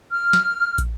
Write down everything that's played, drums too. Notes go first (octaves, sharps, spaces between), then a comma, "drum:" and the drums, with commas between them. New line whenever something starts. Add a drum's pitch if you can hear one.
F6
drum: snare
drum: kick, hi-hat